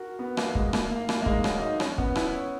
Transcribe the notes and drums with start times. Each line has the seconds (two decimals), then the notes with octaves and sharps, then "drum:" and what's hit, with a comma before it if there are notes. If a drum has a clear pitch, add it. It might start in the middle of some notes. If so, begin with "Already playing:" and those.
Already playing: F#4 A#4
0.19 B3
0.37 A#3, drum: rim click
0.55 G#3, drum: kick
0.73 A#3, drum: rim click
0.90 A#3
1.09 A#3, drum: rim click
1.22 A#3
1.26 G#3, drum: kick
1.44 F#3, drum: rim click
1.62 D#4
1.80 C#4, drum: rim click
1.98 B3, drum: kick
2.16 E4, drum: rim click
2.33 C#5